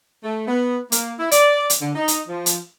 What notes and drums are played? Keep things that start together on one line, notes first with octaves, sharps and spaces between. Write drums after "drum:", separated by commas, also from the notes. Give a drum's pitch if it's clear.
A3
B3
A#3, drum: hi-hat
E4
D5, drum: hi-hat
drum: hi-hat
D3
D#4
drum: hi-hat
F3
drum: hi-hat